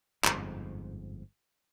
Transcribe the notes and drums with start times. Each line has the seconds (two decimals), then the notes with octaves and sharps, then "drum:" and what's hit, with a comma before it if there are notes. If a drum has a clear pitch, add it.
0.24 G1 F2 G#2, drum: clap